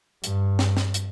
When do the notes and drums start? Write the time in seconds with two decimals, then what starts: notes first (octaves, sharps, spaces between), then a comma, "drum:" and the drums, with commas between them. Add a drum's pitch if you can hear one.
0.24 G2, drum: hi-hat
0.59 drum: snare
0.77 drum: snare
0.94 drum: hi-hat